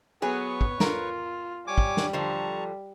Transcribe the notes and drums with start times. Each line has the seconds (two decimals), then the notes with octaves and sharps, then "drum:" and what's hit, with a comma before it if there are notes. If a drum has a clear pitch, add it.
0.22 F#3 B3 G#4 B4 C#5 C#6
0.61 drum: kick
0.80 F4 A#4, drum: snare
1.67 G3 C#5 G#5 D6
1.78 drum: kick
1.97 drum: snare
2.13 D3 F3 C5 A5 A#5 C#6